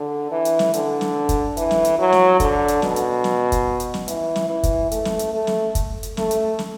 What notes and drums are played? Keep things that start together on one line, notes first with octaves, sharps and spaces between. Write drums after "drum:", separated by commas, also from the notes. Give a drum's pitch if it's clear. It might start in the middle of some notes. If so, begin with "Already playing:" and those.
Already playing: D3
E3
drum: hi-hat
drum: snare
D3, drum: hi-hat
drum: snare
drum: kick, hi-hat
E3, drum: hi-hat
drum: snare
drum: hi-hat
F#3
drum: snare
D3, drum: kick, hi-hat
drum: hi-hat
B2, drum: snare
drum: hi-hat
drum: snare
drum: kick, hi-hat
drum: hi-hat
drum: snare
E3, drum: hi-hat
drum: snare
E3
drum: kick, hi-hat
A3, drum: hi-hat
drum: snare
drum: hi-hat
A3
drum: snare
drum: kick, hi-hat
drum: hi-hat
A3, drum: snare
drum: hi-hat
drum: snare